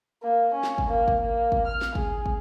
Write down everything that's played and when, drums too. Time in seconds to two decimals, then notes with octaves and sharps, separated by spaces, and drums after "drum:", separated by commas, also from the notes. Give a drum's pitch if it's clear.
0.22 A#3
0.54 C#4
0.63 drum: snare
0.78 drum: kick
0.88 A#3
1.08 drum: kick
1.20 A#3
1.52 drum: kick
1.67 F6
1.81 drum: snare
1.95 G#4, drum: kick
2.26 drum: kick